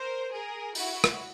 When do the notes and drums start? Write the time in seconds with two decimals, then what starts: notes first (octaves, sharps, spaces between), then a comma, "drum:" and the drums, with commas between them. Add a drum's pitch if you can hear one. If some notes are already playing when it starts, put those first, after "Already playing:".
Already playing: A#4 C5
0.32 G#4 A#4
0.75 E4 F#4, drum: open hi-hat
1.04 drum: rim click